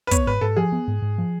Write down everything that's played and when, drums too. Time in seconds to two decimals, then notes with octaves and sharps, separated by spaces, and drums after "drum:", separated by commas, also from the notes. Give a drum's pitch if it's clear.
0.07 B4
0.11 B3 C#5, drum: kick, hi-hat
0.27 G#2 B4
0.41 G#2 A4
0.57 F3 G#4
0.72 B3
0.88 G#2
1.02 G#2
1.18 F3